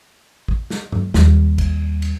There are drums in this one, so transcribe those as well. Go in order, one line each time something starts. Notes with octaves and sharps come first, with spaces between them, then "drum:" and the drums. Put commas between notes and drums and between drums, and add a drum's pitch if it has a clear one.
drum: kick
drum: snare
drum: tom G2
D#2 G3, drum: snare
drum: kick, cymbal
drum: cymbal